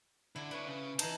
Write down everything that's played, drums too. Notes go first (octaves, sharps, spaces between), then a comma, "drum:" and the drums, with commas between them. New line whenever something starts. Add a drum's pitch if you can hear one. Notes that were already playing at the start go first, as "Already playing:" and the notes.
D3 E4
D4 B4 C#5
C#3
E3 D#4 A5, drum: cymbal